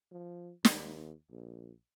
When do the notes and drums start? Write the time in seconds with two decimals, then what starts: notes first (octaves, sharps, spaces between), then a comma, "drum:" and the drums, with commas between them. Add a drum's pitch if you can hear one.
0.12 F3
0.65 D#2, drum: snare
1.31 A#1